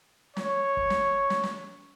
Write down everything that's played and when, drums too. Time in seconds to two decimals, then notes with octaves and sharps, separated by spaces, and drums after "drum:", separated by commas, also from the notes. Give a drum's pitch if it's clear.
0.36 C#5, drum: snare
0.77 drum: kick
0.90 drum: snare
1.30 drum: snare
1.43 drum: snare